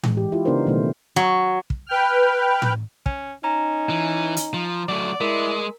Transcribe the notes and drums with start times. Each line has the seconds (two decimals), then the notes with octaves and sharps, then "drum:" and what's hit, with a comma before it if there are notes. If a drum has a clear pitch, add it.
0.03 E3 G#3, drum: tom A2
0.17 G4
0.32 E4 F4 G4
0.45 C#3 B3 D4 D#4 A#4 C5
0.67 B2 D#3 F#3 A3 C5
1.16 F#3
1.70 drum: kick
1.87 B4 G5 F6
2.62 drum: tom A2
3.06 C#4, drum: kick
3.44 C#4 D#4 A#5
3.90 E3
4.37 drum: hi-hat
4.54 F3
4.89 F#3 A3 D5
5.21 G#3 E4 A#4